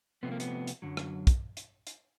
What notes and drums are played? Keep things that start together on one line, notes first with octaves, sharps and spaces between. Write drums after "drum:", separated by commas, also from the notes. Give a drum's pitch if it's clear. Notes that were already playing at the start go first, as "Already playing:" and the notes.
C3 F3 A3 B3
A#3
B3, drum: hi-hat
drum: hi-hat
F#2 D3 F#3
drum: rim click
drum: kick, hi-hat
drum: hi-hat
drum: hi-hat